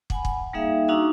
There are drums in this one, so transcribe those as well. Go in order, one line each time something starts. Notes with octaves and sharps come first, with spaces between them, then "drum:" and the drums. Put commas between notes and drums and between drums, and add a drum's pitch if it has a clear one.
F#5 G#5 B5, drum: kick
drum: kick
G3 A#3 D#4 G#4 E5 F5
D4 D#4 F#4 A#5 C#6 E6